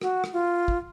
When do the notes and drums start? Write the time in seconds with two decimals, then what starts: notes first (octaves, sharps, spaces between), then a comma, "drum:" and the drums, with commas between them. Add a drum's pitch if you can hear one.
0.01 F#4, drum: rim click
0.24 drum: rim click
0.33 F4
0.68 drum: kick